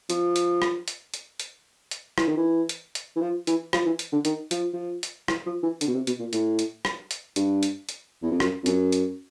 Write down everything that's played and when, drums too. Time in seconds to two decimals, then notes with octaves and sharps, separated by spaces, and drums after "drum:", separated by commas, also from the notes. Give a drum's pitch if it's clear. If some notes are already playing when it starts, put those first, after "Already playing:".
0.10 F3, drum: hi-hat
0.36 drum: hi-hat
0.62 drum: rim click
0.88 drum: hi-hat
1.14 drum: hi-hat
1.40 drum: hi-hat
1.91 drum: hi-hat
2.18 E3, drum: rim click
2.28 D#3
2.37 E3
2.69 drum: hi-hat
2.95 drum: hi-hat
3.16 E3
3.21 F3
3.47 E3, drum: hi-hat
3.73 F3, drum: rim click
3.86 E3
3.99 drum: hi-hat
4.13 D3
4.25 D#3, drum: hi-hat
4.51 F3, drum: hi-hat
4.73 F3
5.03 drum: hi-hat
5.28 E3, drum: rim click
5.46 F3
5.63 E3
5.81 D3, drum: hi-hat
5.88 B2
5.94 C3
6.07 B2, drum: hi-hat
6.19 A#2
6.33 A2, drum: hi-hat
6.59 drum: hi-hat
6.85 drum: rim click
7.11 drum: hi-hat
7.36 G2, drum: hi-hat
7.63 drum: hi-hat
7.89 drum: hi-hat
8.22 E2
8.31 F2
8.40 F#2, drum: rim click
8.63 F2
8.66 F#2, drum: hi-hat
8.92 drum: hi-hat